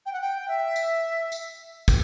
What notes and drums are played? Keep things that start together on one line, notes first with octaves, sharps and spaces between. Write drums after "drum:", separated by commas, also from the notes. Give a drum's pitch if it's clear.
G5
F#5
G5
E5
drum: tambourine
drum: tambourine
drum: kick, tambourine